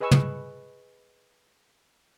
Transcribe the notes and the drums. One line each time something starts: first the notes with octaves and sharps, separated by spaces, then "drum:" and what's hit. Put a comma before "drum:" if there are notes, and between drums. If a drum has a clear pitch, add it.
G#4 B4 D#5 G#5 C#6 E6
drum: tom